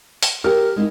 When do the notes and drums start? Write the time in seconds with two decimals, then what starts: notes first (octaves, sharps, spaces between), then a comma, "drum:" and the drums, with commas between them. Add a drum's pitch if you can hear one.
0.23 drum: open hi-hat
0.44 G4 A#4 F6
0.76 G#3 D#4 E4